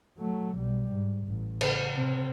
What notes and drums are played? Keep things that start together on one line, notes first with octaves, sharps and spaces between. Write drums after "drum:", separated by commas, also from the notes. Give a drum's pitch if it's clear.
F#3 A3
B1 G3
G#2
A1
C#3, drum: cymbal
C3 C4